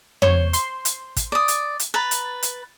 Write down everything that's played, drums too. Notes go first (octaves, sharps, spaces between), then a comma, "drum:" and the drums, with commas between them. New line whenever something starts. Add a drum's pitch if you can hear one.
C5 C#5, drum: tom
C6, drum: hi-hat
drum: hi-hat
drum: kick, hi-hat
D5 D#6
drum: hi-hat
drum: hi-hat
B4 A#5 A6
drum: hi-hat
drum: hi-hat